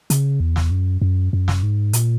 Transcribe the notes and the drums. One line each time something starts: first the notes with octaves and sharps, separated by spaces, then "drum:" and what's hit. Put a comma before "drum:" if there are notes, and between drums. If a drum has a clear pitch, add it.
C#3, drum: hi-hat
E2
drum: snare
F#2
F#2
F#2
drum: snare
G#2
A#2, drum: hi-hat